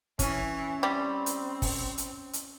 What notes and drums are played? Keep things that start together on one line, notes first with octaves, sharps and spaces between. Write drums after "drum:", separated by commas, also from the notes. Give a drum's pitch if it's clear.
E3 C#4, drum: kick, hi-hat
G3 C4
drum: hi-hat
drum: kick, open hi-hat
drum: hi-hat
drum: hi-hat